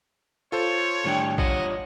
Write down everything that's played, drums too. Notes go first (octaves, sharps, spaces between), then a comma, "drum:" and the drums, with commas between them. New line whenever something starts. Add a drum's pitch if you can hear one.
F4 A4 C5 C#5
A2 D#3 G3 D4 G5 G#6
F4 C#5 D#5 F#5, drum: kick A#1